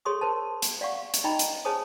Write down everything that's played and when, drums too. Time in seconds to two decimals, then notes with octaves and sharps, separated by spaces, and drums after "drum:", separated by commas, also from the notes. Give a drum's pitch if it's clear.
0.05 G#4 A4 C#5 C6 C#6 D#6
0.21 A#4 C5 A5
0.62 drum: hi-hat
0.81 D5 F5 F#5 C#6
1.14 drum: hi-hat
1.24 D#4 D#5 G5 A#5 B5
1.39 drum: hi-hat
1.65 G#4 C5 C#5 G#5 A5 D#6